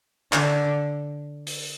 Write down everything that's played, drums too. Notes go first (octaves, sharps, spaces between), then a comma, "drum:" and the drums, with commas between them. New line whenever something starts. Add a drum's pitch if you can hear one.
D3, drum: clap
drum: open hi-hat